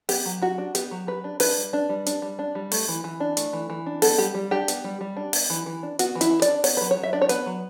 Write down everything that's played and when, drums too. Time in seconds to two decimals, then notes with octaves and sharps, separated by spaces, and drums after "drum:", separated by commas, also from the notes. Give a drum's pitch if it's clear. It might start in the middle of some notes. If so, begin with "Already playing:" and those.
0.09 B3 G4, drum: open hi-hat
0.26 F#3
0.42 F#3 F#4
0.58 D4
0.75 B3 G4, drum: hi-hat
0.91 F#3
1.07 F#3 B4
1.24 D4
1.40 D4 B4, drum: open hi-hat
1.57 G3
1.73 D4
1.89 G3
2.06 D4, drum: hi-hat
2.22 G3
2.39 D4
2.55 G3
2.72 A3, drum: open hi-hat
2.88 E3
3.04 E3
3.20 D4
3.37 A3, drum: hi-hat
3.53 E3
3.70 E3
3.86 D4
4.02 B3 A4, drum: open hi-hat
4.18 G3 G4
4.34 G3
4.51 D4 G4
4.68 B3, drum: hi-hat
4.84 G3
5.01 G3
5.17 D4
5.33 B3, drum: open hi-hat
5.50 E3
5.66 E3
5.83 D4
5.99 B3 F#4, drum: hi-hat
6.15 E3
6.21 E4, drum: hi-hat
6.31 E3
6.42 D5, drum: hi-hat
6.48 D4
6.64 B3 C#5, drum: open hi-hat
6.77 F#3 B4
6.91 C#5
6.97 F#3
7.03 E5
7.13 D4 D5
7.22 C#5
7.29 B3 B4, drum: hi-hat
7.46 F#3